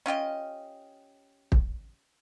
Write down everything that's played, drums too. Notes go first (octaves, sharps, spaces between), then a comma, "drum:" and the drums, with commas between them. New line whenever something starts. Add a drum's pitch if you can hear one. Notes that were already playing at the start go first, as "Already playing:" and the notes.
C#4 F4 G4 D#5
drum: kick